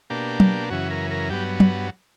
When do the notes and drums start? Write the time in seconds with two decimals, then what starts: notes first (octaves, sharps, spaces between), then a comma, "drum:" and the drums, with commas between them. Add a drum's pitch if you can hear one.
0.10 B2 A#3 D4 G4
0.40 drum: tom F#3
0.70 F#2 C#3 E3 F#4
0.90 A#4
1.11 A#4
1.30 G2 F#3 B3 G4
1.60 drum: tom F#3